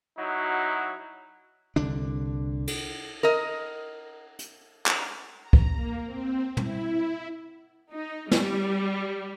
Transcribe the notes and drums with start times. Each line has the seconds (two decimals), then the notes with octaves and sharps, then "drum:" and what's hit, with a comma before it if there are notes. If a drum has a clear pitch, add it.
0.18 F#3 D#4 E4 F#4
1.76 C2 D3 D4
2.67 drum: cymbal
3.23 A#4 D#5
4.39 drum: hi-hat
4.86 drum: clap
5.42 A#5
5.53 drum: kick
5.74 A#3
6.05 C4
6.57 E4, drum: tom
7.92 D#4
8.31 G3, drum: snare